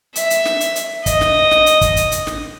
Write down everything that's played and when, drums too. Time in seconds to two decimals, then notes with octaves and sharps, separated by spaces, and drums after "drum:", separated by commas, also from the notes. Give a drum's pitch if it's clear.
0.16 E5, drum: hi-hat
0.30 drum: hi-hat
0.45 drum: snare
0.60 drum: hi-hat
0.76 drum: hi-hat
1.06 D#5, drum: kick, hi-hat
1.21 drum: snare
1.51 drum: snare
1.66 drum: hi-hat
1.81 drum: kick, hi-hat
1.96 drum: hi-hat
2.12 drum: hi-hat
2.27 drum: snare